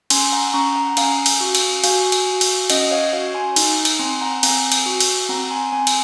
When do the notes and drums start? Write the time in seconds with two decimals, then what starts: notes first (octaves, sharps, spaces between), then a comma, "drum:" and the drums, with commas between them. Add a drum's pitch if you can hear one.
0.10 C#4 G#5 C6, drum: cymbal
0.32 F#5 A#5
0.54 C#4 A#5 C#6
0.76 F#5 A#5
0.97 C#4 F5 G#5, drum: cymbal
1.26 drum: cymbal
1.41 F#4
1.55 drum: cymbal
1.84 F#4 F5 G#5, drum: cymbal
2.12 drum: cymbal
2.26 F#4
2.41 drum: cymbal
2.70 C#4 D#5 F#5, drum: cymbal
2.91 C#5 F5
3.13 F#4 C#5 F5
3.35 G#5 C6
3.56 D#4, drum: cymbal
3.85 drum: cymbal
3.99 C4 G#5 C6
4.21 F#5 A#5
4.43 C4 F5 G#5, drum: cymbal
4.72 drum: cymbal
4.86 F#4
5.00 drum: cymbal
5.29 C4 F#5 A#5
5.51 G#5 C6
5.72 C4 G#5 C6
5.87 drum: cymbal